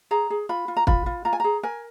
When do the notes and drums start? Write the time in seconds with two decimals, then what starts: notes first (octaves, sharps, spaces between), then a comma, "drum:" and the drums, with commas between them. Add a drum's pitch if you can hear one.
0.11 G#4 A#5
0.30 G#4
0.49 F4 B5
0.68 F4
0.77 A#5
0.87 F4 B5, drum: kick
1.06 F4
1.25 F4 A#5
1.33 G#5
1.40 G#4 A#5
1.63 A#4 G#5